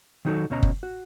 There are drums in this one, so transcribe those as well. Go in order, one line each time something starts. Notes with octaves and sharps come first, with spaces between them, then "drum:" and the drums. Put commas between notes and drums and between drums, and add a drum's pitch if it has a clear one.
D#3 F#3 D#4 F4 F#4 A4
D2 B2 C#4 C#5 D#5 A#5
drum: kick F#1
F#4